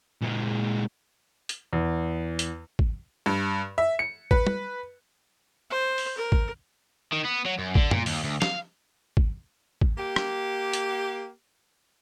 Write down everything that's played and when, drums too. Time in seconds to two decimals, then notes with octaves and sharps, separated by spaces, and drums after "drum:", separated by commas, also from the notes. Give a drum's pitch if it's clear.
0.22 A#2 G#3
1.49 drum: hi-hat
1.73 E2
2.39 drum: hi-hat
2.79 drum: kick
3.26 G2
3.78 E5
3.99 C#7
4.31 B4, drum: kick
4.47 drum: tom
5.70 C5
5.98 drum: open hi-hat
6.18 A#4
6.32 drum: kick
7.13 D#3
7.25 B3
7.46 F#3
7.59 F#2
7.75 D3, drum: kick
7.91 A#2, drum: tom F#2
8.06 D#2, drum: open hi-hat
8.24 D2
8.42 F5, drum: snare
9.17 drum: kick
9.81 drum: kick
9.98 A#3 G4
10.16 drum: rim click
10.73 drum: hi-hat